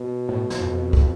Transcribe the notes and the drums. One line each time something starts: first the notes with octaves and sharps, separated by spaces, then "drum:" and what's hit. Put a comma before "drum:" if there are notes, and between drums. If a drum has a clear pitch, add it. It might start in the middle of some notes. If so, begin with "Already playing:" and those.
Already playing: B2
A2
drum: snare
F2
drum: kick